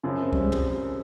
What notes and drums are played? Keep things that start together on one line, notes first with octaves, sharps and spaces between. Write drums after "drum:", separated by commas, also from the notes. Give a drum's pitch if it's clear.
F#2 C#3 F3 C#4
C4
G3, drum: kick C2
G#3
drum: tom